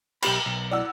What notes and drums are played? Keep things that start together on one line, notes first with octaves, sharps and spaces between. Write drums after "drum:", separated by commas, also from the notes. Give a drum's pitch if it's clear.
B1 G4 B5, drum: cymbal
B1
D5 F#5 E6